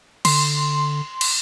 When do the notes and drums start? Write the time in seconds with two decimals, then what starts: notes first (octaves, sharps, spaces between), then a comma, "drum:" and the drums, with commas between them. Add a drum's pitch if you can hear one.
0.25 D3 C6, drum: cymbal
1.21 drum: cymbal